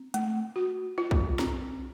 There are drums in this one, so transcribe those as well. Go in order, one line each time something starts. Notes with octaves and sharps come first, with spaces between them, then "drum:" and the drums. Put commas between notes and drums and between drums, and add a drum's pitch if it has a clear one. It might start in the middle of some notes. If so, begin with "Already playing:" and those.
Already playing: C4
A3, drum: hi-hat
F#4
F4
drum: kick A#1
C4, drum: snare